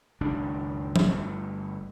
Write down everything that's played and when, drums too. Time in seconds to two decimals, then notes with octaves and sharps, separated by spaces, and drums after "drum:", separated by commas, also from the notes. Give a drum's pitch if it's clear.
0.21 F#1 C#2 D#3 D4
0.96 drum: tom F3
1.06 G1 G2 A3